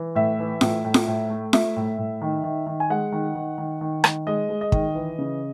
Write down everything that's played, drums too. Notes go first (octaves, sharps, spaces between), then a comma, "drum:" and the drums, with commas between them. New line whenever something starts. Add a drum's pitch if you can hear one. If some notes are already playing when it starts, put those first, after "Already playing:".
Already playing: E3
A2 E5
E3
A2, drum: snare F4
A2
drum: snare F4
A2
A3
A3 E5, drum: snare F4
A2
A2
D#3
D#3
D#3
G#5
G#3 F#5
D#3
D#3
D#3
D#3
D#3, drum: rim click
G#3 D#5
G#3
D#5
D#3, drum: kick
E3
C#3